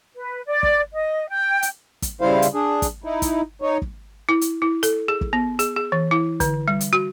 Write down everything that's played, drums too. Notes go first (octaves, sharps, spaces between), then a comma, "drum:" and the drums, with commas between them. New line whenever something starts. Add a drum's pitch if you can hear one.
B4
D5
drum: kick
D#5
G5
drum: hi-hat
drum: kick, hi-hat
C#3 G3 E4 C5 F5
drum: hi-hat
D4 G#4
drum: kick, hi-hat
D#4 E4
drum: kick, hi-hat
D#4 C#5
drum: kick
E4
drum: hi-hat
E4
A4, drum: hi-hat
G#4
drum: kick
B3
G#4, drum: hi-hat
G#4
E3
E4
D3, drum: kick, hi-hat
G3
drum: hi-hat
F#4